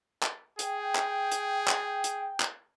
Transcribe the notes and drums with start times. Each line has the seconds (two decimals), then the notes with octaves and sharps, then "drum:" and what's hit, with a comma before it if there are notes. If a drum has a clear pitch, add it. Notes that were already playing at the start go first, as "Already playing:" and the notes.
0.23 drum: clap
0.59 G#4 G5, drum: hi-hat
0.95 drum: clap
1.32 drum: hi-hat
1.68 drum: clap
2.04 drum: hi-hat
2.40 drum: clap